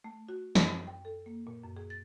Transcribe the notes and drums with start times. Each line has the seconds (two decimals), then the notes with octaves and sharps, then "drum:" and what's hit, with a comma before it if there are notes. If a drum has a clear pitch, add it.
0.04 A3
0.29 F#4
0.55 F#2, drum: snare
0.69 B5
0.87 G5
1.05 A4
1.26 A#3
1.47 A#2
1.63 F#2
1.77 G#4
1.90 A6